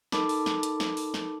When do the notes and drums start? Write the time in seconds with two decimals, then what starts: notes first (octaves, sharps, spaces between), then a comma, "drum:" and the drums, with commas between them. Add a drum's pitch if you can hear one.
0.12 D#4 A4 A#4 A5 B5 D6, drum: snare
0.29 drum: open hi-hat
0.46 drum: snare
0.63 drum: hi-hat
0.80 drum: snare
0.97 drum: open hi-hat
1.14 drum: snare